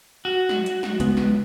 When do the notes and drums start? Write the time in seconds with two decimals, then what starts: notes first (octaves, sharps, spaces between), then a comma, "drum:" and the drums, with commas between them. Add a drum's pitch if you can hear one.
0.25 F#4
0.49 drum: snare
0.66 drum: hi-hat
0.83 drum: snare
1.00 C#2 G#3 B3, drum: hi-hat
1.17 drum: snare